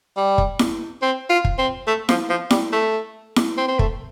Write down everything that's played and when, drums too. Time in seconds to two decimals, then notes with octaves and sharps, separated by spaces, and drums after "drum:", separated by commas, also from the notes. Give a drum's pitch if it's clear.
0.17 G3
0.38 drum: kick
0.59 drum: snare E4
1.02 C4
1.30 F4
1.45 drum: kick
1.58 C4
1.87 A3
2.09 F3, drum: snare E4
2.30 F3
2.50 G3, drum: snare E4
2.72 A3
3.36 drum: snare E4
3.58 C4
3.68 C4
3.79 A3, drum: kick